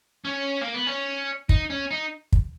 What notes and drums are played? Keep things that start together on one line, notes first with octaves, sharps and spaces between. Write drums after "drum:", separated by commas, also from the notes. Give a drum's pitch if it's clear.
C#4
A#3
B3
C#4
D#4, drum: kick
C#4
D#4
drum: kick